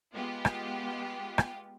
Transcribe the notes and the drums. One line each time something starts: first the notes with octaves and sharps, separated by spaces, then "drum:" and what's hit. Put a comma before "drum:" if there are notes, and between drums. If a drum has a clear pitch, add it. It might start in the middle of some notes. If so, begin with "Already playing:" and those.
G#3 B3 F4 G4
drum: rim click
drum: rim click